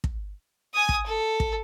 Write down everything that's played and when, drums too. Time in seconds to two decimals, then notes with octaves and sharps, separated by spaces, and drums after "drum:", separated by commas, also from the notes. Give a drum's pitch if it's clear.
0.04 drum: kick
0.74 G#5 D#6
0.89 drum: kick
1.06 A4
1.40 drum: kick